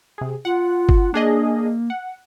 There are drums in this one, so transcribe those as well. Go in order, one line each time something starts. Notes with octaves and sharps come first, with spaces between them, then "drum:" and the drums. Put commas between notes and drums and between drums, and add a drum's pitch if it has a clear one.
C3 G#4
F4 F#5
drum: kick
A#3 D4 G#4 D#5
F#5